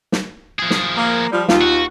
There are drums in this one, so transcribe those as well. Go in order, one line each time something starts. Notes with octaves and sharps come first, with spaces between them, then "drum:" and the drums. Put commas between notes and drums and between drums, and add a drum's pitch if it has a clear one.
drum: snare
F3 G#4
drum: snare
A#3
F3 G3
D#2 F4, drum: snare
F#4